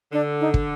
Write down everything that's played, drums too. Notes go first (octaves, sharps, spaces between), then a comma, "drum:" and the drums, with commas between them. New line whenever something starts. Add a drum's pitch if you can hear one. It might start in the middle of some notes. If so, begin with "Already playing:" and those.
D3 D4
D#4
drum: kick